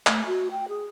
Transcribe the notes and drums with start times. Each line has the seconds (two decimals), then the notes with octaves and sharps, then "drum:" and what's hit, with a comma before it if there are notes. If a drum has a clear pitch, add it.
0.07 A3, drum: clap
0.26 F#4
0.51 G5
0.68 G#4